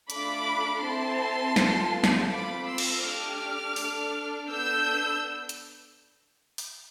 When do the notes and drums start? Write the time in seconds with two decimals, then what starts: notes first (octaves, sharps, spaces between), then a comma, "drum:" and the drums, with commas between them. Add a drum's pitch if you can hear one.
0.10 A3 D4 F4 A4 B5 D6, drum: hi-hat
0.83 C4 E4 A4 A5 C6
1.56 B3 F4 A4, drum: snare
2.04 drum: snare
2.30 C4 F4 A4 B5 D6
2.67 C6 E6
2.78 drum: cymbal
3.03 A3 D4 G4 D6 F6
3.76 D4 A4, drum: open hi-hat
4.50 B3 D4 A4 E6 G6
5.49 drum: hi-hat
6.58 drum: open hi-hat